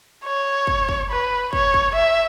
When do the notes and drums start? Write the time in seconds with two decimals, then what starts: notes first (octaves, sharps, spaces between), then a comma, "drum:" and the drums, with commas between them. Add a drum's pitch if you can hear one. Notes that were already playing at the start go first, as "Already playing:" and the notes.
0.25 C#5
0.67 drum: kick
0.89 drum: kick
1.10 B4
1.53 C#5, drum: kick
1.74 drum: kick
1.95 E5